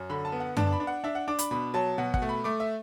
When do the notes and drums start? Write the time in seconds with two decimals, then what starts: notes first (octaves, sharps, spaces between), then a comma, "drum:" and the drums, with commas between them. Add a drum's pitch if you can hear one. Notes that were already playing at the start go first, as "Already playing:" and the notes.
Already playing: F#2
0.10 D3 B5
0.25 A5
0.32 B3
0.40 F#5
0.57 D4 A5, drum: tom F#2
0.67 A5
0.72 B5
0.80 D4
0.87 F#5
1.04 D4 E5
1.15 F#5
1.28 D4 D6
1.39 B5, drum: hi-hat
1.51 B2 B5
1.74 F#3 A5
1.98 B2 F#5
2.14 F#5, drum: kick
2.22 A3
2.29 B5
2.44 A3 D6
2.60 E5